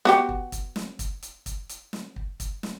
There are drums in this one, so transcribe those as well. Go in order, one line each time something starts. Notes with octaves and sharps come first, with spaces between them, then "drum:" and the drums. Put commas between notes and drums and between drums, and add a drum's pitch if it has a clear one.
B3 F#4 G4, drum: snare
drum: kick
drum: kick, hi-hat
drum: snare
drum: kick, hi-hat
drum: hi-hat
drum: kick, hi-hat
drum: hi-hat
drum: snare
drum: kick
drum: kick, hi-hat
drum: snare